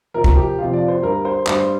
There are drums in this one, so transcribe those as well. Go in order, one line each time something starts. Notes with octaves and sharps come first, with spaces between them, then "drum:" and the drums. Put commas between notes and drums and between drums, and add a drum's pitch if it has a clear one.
F2 C3 F3 A#4
drum: kick
G4
F2 C3 F3 F4
D5
C5
G2 G3 A#4
C5
G2 G3 C5, drum: clap